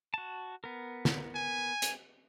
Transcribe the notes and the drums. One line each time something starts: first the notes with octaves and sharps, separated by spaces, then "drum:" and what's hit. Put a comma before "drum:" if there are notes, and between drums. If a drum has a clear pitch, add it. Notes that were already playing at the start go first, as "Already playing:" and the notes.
F#4 A5
B3 A#4
drum: snare
G#5
drum: hi-hat